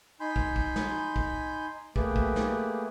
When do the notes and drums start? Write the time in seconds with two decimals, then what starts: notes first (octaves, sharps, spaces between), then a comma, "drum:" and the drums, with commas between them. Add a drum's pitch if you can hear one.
0.20 D#4 G#5 B5 C6 G6
0.36 drum: kick
0.56 drum: kick
0.76 drum: snare
1.16 drum: kick
1.96 A3 A#3 G4 G#4 B4, drum: kick
2.16 drum: kick
2.36 drum: snare